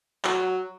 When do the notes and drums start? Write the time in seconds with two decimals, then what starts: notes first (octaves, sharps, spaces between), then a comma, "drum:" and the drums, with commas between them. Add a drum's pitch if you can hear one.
0.25 F#3, drum: clap